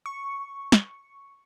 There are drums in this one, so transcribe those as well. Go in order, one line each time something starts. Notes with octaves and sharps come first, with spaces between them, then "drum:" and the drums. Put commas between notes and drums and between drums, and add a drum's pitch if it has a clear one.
C#6
drum: snare